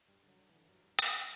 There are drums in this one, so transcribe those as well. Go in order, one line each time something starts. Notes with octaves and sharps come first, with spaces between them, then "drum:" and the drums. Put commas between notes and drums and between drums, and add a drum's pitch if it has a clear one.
G2 G3
D3
F#3
D3
D3 E3
E3
G2 F#3
G2
G2, drum: hi-hat
D3